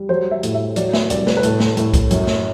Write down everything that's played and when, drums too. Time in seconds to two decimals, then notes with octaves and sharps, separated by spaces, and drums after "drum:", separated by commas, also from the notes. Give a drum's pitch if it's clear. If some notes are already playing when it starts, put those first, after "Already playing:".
Already playing: G3
0.09 F#3 C5
0.31 E5
0.43 A2, drum: hi-hat
0.54 E5
0.76 F#3 D5, drum: hi-hat
0.93 E5, drum: snare
1.10 C2 D5, drum: hi-hat
1.27 B4, drum: snare
1.37 B4
1.43 A2 A4, drum: hi-hat
1.60 drum: snare
1.77 A2, drum: hi-hat
1.94 drum: kick B1, hi-hat
2.11 F#2, drum: hi-hat
2.27 drum: snare